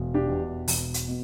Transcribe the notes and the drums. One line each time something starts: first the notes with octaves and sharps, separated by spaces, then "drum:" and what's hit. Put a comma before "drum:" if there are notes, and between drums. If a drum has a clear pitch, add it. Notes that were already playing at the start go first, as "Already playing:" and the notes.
Already playing: E1
D4 G4
E2 B2
E1, drum: open hi-hat
drum: hi-hat
B2